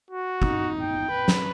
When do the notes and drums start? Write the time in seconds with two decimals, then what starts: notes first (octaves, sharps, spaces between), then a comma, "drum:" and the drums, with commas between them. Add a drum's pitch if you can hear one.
0.10 F#4
0.42 D#4, drum: kick
0.81 G5
1.11 B4
1.28 drum: snare